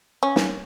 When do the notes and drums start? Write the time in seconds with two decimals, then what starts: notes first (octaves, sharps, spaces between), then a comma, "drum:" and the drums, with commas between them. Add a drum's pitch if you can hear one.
0.23 C#4
0.36 drum: snare